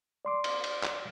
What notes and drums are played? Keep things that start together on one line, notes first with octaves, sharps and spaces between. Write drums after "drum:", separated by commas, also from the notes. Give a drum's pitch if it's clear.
D5 C6 D6
drum: cymbal
drum: cymbal
drum: clap